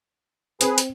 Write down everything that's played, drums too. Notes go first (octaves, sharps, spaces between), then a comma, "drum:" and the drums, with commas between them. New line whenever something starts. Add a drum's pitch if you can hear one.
C4 G#4 B4, drum: hi-hat
drum: hi-hat